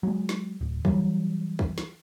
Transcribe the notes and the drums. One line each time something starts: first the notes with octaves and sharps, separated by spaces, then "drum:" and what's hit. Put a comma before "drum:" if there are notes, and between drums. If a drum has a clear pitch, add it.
F#3 G#3
drum: snare
D1
E3 F#3 G3, drum: kick
drum: kick
drum: snare